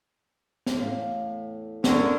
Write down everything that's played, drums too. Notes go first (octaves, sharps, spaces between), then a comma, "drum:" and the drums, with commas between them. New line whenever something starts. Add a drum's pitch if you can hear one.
drum: snare
E2 A2 F5
D3 A#4 C#5 E5, drum: snare